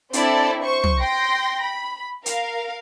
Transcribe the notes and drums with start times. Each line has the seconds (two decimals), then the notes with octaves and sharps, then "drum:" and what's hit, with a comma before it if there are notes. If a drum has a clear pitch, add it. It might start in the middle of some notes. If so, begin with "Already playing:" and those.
0.13 C4 D4 E4 A4 D5, drum: hi-hat
0.63 C5 C#6
0.84 drum: tom
1.00 G5 C6 A#6
1.61 B5
2.26 A#4 F5, drum: hi-hat